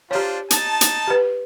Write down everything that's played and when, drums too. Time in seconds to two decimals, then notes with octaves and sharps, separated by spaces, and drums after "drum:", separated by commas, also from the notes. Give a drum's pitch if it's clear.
0.11 D4 F4 G4 C5 C#5
0.51 D#4 A5, drum: hi-hat
0.81 drum: hi-hat
1.07 G4 B4